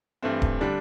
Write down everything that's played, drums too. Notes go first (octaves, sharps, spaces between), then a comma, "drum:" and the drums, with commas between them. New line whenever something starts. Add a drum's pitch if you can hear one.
G2 E3 A3 C4
drum: kick D1
D3 G3 D4